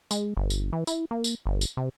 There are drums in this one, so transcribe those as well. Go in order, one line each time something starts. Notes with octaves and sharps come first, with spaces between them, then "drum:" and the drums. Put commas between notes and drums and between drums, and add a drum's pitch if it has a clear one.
G#3, drum: tambourine
G1
drum: tambourine
E3
E4, drum: tambourine
A#3
drum: tambourine
G1
drum: tambourine
C3